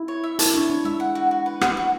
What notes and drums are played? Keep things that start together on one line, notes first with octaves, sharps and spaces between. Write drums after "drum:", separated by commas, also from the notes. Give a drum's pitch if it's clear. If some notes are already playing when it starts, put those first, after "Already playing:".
Already playing: E4
C#5
E5
E4 A5, drum: hi-hat
D4 C#5
D4 C#5
G#3 E5
F#5
F#4
F#4
B4
F#5, drum: rim click
F#4